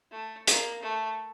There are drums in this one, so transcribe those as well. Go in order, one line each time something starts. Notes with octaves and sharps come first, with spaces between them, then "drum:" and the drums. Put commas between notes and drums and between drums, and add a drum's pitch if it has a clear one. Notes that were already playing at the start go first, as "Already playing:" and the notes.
A3
A#3, drum: hi-hat
A3